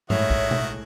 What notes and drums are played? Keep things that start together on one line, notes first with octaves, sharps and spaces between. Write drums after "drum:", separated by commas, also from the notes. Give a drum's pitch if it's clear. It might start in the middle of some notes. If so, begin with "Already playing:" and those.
A2 D#3 G#3 F#4 C#5 E5 F5 D#6, drum: tom G2
drum: kick B1
drum: tom B2